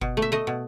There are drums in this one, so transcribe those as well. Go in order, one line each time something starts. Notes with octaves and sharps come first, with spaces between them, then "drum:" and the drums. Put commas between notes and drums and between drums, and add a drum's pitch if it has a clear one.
B2, drum: kick F#1
A3
E5
A3 D#5
B2